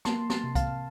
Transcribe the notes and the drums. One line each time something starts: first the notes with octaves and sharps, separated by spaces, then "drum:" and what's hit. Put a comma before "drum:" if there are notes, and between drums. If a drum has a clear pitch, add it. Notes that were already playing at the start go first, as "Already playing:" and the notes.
A#3 A5 C6, drum: snare
A5 C6, drum: snare
C3
F5 A5, drum: kick C2, hi-hat